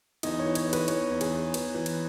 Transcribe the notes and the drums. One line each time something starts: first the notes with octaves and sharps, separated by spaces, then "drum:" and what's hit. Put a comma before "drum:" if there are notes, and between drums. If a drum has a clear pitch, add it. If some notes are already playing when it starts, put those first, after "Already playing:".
E2 D#4, drum: cymbal
C#5
E3
C#5, drum: cymbal
E2
B4, drum: cymbal
E2 C#5, drum: cymbal
E2
G#4, drum: cymbal
E2
E3, drum: cymbal
E3
drum: cymbal